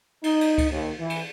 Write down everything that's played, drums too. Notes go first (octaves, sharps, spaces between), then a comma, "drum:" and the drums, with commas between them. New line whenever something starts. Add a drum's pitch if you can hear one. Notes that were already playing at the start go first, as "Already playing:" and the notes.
D#4, drum: cymbal
drum: cymbal
drum: kick C#2, cymbal
D#2
E3
drum: cymbal